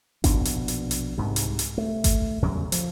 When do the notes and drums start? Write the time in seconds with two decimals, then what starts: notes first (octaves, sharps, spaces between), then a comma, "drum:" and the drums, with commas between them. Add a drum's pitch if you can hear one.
0.24 A#1 B2 B3 D4, drum: kick G#1, hi-hat
0.45 drum: hi-hat
0.68 drum: hi-hat
0.91 drum: hi-hat
1.18 C2 G#2 C3
1.36 drum: hi-hat
1.59 drum: hi-hat
1.78 A3
2.04 drum: kick G#1, hi-hat
2.42 E2 C#3 F#3 G3
2.72 F3, drum: hi-hat